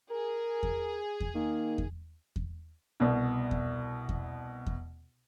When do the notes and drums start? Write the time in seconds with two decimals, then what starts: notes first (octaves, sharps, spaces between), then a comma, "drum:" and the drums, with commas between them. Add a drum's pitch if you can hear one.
0.11 G#4 A#4
0.63 drum: kick E2
1.20 drum: kick E2
1.35 D#3 A#3
1.78 drum: kick E2
2.36 drum: kick E2
3.00 C2 B2
3.51 drum: kick E2
4.09 drum: kick E2
4.66 drum: kick E2